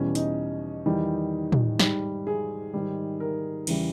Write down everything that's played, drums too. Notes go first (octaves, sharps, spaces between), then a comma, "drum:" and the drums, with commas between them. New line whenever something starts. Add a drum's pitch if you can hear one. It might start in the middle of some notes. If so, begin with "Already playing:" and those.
Already playing: E2 B2 G3 C#4
D#4, drum: hi-hat
E2 D#3 G3
drum: tom
G#2 G3, drum: snare
G#4
G#2 D#3 G3
A#4
E2 C#3 E3 G3, drum: cymbal